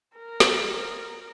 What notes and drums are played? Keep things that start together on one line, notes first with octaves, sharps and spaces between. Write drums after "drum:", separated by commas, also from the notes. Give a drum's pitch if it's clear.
A#4
drum: snare